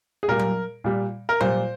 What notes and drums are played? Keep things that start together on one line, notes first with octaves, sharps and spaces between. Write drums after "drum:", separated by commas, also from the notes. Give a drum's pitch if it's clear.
G#4
A#2 G3 A#4
drum: tom F#3
A#2 G3
A#4
A#2 G3 C5, drum: tom F#3